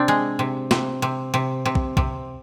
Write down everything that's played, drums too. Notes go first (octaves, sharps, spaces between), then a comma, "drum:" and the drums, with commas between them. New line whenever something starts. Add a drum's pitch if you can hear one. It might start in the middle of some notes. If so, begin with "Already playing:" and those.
Already playing: C3 C4 D4
G#3
C3
C3, drum: snare
C3
C3
C3
drum: kick
C3, drum: kick